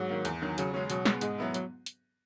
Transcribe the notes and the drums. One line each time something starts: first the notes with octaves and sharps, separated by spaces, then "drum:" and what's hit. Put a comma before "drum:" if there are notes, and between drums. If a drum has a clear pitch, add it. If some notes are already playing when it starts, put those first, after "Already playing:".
Already playing: G#2 F#3
D#3 A#3
E2, drum: hi-hat
D#3 F#3
C#3 F#3, drum: hi-hat
F#3 G#3 C#4
B2 F#3, drum: hi-hat
G#3 B3, drum: snare
G#2 G#3, drum: hi-hat
F#3 B3 E4
F#3, drum: hi-hat
drum: hi-hat